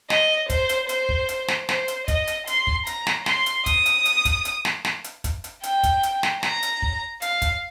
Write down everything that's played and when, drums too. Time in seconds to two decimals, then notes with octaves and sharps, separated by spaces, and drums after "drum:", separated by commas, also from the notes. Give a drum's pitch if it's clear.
0.10 D#5, drum: snare
0.50 C5, drum: kick, hi-hat
0.69 drum: hi-hat
0.89 C5, drum: hi-hat
1.09 drum: kick
1.29 drum: hi-hat
1.48 drum: snare
1.69 C5, drum: snare
1.88 drum: hi-hat
2.08 D#5, drum: kick, hi-hat
2.27 drum: hi-hat
2.47 C6, drum: hi-hat
2.67 drum: kick
2.87 A#5, drum: hi-hat
3.07 drum: snare
3.26 C6, drum: snare
3.46 drum: hi-hat
3.66 D#6, drum: kick, hi-hat
3.86 drum: hi-hat
4.05 drum: hi-hat
4.25 drum: kick, hi-hat
4.45 drum: hi-hat
4.65 drum: snare
4.85 drum: snare
5.04 drum: hi-hat
5.24 drum: kick, hi-hat
5.44 drum: hi-hat
5.63 G5, drum: hi-hat
5.83 drum: kick, hi-hat
6.03 drum: hi-hat
6.23 drum: snare
6.43 A#5, drum: snare
6.63 drum: hi-hat
6.82 drum: kick
7.22 F5, drum: hi-hat
7.42 drum: kick, hi-hat